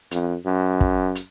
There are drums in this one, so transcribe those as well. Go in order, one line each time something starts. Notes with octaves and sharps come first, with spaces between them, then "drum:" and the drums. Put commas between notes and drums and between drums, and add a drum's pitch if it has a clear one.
F2, drum: hi-hat
F#2
drum: kick
drum: hi-hat